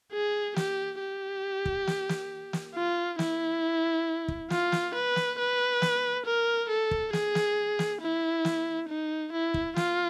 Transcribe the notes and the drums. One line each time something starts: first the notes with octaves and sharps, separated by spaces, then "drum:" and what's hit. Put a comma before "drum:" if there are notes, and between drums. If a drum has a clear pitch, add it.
G#4
G4, drum: snare
G4
drum: kick
drum: snare
drum: snare
drum: snare
F4
E4, drum: snare
drum: kick
F4, drum: snare
drum: snare
B4
drum: snare
B4
drum: snare
A#4
A4
drum: kick
G#4, drum: snare
drum: snare
drum: snare
E4
drum: snare
D#4
E4
drum: kick
F4, drum: snare